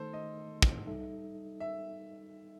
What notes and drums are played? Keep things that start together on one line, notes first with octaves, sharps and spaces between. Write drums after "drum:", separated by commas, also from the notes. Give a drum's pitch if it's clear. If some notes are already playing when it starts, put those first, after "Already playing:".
Already playing: D#3 A3 D#4 A4 C5
D#5
drum: kick
G3 D#4 A4 E5
E5